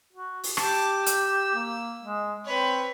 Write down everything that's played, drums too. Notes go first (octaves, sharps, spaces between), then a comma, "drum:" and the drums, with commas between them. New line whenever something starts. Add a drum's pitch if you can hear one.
F#4
drum: open hi-hat
G4 A5 D6, drum: rim click
E6, drum: hi-hat
A#3
G#3
C4 B4 C#5